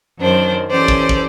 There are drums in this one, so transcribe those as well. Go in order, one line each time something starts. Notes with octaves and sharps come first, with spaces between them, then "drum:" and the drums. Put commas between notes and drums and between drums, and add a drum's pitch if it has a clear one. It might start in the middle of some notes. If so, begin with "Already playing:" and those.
F#2 D#3 D4 C5
E3 C#4 G4 A4 C5 D5
drum: kick
drum: kick